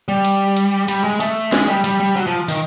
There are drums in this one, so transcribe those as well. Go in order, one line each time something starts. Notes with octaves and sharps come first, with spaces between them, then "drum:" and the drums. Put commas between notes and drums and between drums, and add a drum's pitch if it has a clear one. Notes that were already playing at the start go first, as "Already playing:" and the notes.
G3
drum: hi-hat
drum: hi-hat
G3, drum: hi-hat
G#3
A3, drum: hi-hat
G#3, drum: snare
G3
G3, drum: hi-hat
G3
F#3
F3
D#3, drum: open hi-hat